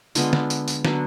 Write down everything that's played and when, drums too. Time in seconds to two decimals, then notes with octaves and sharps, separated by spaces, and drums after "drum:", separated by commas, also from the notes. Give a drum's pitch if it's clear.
0.15 D3 G#3 B3 F4, drum: tambourine
0.33 drum: snare
0.50 drum: tambourine
0.68 drum: tambourine
0.85 D3 F#3 B3, drum: snare